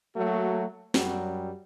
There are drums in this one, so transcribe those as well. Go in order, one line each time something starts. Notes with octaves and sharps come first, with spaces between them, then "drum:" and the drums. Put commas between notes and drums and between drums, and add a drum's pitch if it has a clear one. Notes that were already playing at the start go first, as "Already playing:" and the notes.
F#3 A3 A#3 F#4
F#2 F#3 G3, drum: snare